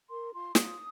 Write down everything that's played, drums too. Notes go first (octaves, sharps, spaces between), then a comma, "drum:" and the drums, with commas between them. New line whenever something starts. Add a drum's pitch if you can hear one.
A#4 C6
F4 C6
F4 D#6, drum: snare